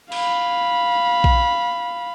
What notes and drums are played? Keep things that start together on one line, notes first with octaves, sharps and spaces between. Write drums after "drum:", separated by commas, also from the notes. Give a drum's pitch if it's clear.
F5 B5, drum: cymbal
drum: kick B1